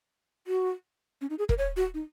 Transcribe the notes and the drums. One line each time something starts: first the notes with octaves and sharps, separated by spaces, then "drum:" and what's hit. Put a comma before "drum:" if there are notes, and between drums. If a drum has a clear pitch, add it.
F#4
C#4
D#4
G#4
A#4, drum: kick E1
C#5
F#4
D#4